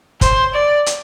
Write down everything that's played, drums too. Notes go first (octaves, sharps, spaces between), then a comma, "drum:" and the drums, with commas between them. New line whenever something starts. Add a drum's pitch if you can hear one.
C5, drum: kick, hi-hat
D5
drum: hi-hat